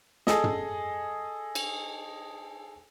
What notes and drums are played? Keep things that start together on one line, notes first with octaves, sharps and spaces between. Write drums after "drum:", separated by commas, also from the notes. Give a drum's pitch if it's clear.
G#4 A4 D#5, drum: snare
drum: tom
drum: cymbal